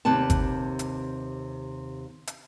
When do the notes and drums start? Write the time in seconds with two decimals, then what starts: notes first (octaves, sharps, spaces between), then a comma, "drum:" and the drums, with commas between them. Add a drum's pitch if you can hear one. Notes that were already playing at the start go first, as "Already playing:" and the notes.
0.05 D#2 C3 B4 A5
0.30 drum: kick G1, hi-hat
0.79 drum: hi-hat
2.27 drum: hi-hat